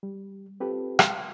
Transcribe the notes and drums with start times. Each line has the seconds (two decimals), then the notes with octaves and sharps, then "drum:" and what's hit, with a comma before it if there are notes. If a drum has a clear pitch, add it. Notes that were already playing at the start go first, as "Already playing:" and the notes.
0.03 G3
0.60 C4 F4 G4 A4 B4
0.99 F5 G5 C6 F6, drum: rim click